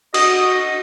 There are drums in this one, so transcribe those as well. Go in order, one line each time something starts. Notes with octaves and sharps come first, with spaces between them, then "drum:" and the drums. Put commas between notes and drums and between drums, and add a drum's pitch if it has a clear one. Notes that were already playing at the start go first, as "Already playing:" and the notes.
F#4 D#5 D#6, drum: cymbal